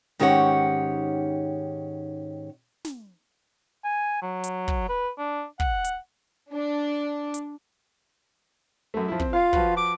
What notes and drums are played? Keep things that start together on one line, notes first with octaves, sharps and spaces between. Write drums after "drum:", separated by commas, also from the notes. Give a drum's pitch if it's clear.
G#2 D#3 C#4 G4 C#5 F#5
drum: snare
G#5
F#3
drum: hi-hat
drum: kick
B4
D4
F#5, drum: kick
drum: hi-hat
D4
drum: hi-hat
F#2 A3
F3 E4
C4, drum: kick
F4 F5
F3 F#4 B4, drum: kick
D6